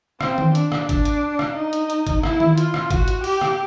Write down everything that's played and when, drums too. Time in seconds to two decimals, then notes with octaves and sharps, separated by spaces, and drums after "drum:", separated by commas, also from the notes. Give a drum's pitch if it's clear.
0.21 C4, drum: rim click
0.38 drum: tom D#3
0.55 D4, drum: hi-hat
0.72 drum: rim click
0.89 D4, drum: kick, hi-hat
1.05 drum: hi-hat
1.39 drum: rim click
1.55 D#4
1.73 drum: hi-hat
1.90 drum: hi-hat
2.07 drum: kick, hi-hat
2.23 E4, drum: rim click
2.40 drum: tom D#3
2.58 F4, drum: hi-hat
2.74 drum: rim click
2.90 F#4, drum: kick, hi-hat
3.08 drum: hi-hat
3.24 G4, drum: open hi-hat
3.41 drum: rim click